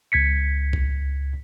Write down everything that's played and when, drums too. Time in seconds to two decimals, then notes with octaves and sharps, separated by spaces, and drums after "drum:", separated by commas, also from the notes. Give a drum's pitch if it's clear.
0.12 C#2 G#6 B6 C#7
0.73 drum: kick A#1